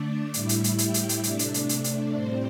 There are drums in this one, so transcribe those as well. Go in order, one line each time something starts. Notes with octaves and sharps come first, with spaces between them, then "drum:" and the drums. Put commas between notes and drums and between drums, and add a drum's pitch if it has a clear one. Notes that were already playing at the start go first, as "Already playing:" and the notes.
Already playing: D3 A3 D4 D5
A2 G3 E4 E5, drum: hi-hat
drum: hi-hat
drum: hi-hat
G4 G5, drum: hi-hat
drum: hi-hat
drum: hi-hat
C3 A3 D4 D5, drum: hi-hat
drum: hi-hat
drum: hi-hat
drum: hi-hat
drum: hi-hat
A2 G3 C4 C5